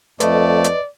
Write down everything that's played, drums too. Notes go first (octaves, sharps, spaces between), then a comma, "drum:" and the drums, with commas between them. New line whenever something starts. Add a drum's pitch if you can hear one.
F2 A3 B4 D5 D#5, drum: hi-hat
drum: hi-hat